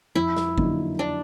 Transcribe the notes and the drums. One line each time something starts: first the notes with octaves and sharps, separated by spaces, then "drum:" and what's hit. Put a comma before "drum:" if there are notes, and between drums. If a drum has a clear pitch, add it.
F2 E4
drum: snare
D3 F#3 A#3 D#4, drum: kick G#1
D4